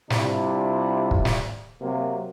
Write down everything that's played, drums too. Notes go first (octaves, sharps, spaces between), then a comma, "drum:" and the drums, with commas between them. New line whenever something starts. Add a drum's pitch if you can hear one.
C3 G3 D4 E4 F4, drum: snare
drum: kick
drum: snare
C3 F#3 A#3